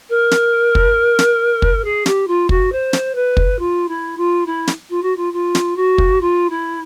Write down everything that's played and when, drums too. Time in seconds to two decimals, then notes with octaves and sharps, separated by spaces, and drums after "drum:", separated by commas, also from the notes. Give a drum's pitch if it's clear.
0.09 A#4
0.31 drum: snare
0.75 drum: kick
1.19 drum: snare
1.62 drum: kick
1.84 G#4
2.06 G4, drum: snare
2.27 F4
2.49 F#4, drum: kick
2.72 C5
2.93 drum: snare
3.15 B4
3.37 drum: kick
3.58 F4
3.88 E4
4.17 F4
4.46 E4
4.67 drum: snare
4.89 F4
5.02 F#4
5.16 F4
5.33 F4
5.55 drum: snare
5.76 F#4
5.98 drum: kick
6.20 F4
6.49 E4